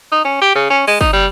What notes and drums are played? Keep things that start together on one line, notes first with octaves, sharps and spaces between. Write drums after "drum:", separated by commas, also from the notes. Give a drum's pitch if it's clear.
D#4
C#4
G4
C#3
C#4
G#3, drum: open hi-hat
D#4, drum: kick
G3